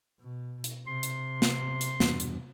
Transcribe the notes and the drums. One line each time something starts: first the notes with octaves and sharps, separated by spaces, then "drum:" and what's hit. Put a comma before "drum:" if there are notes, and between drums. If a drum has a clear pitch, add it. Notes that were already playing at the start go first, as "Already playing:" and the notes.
B2
drum: hi-hat
C3 C6
drum: hi-hat
drum: snare
drum: hi-hat
E2 G2 B2, drum: snare
drum: hi-hat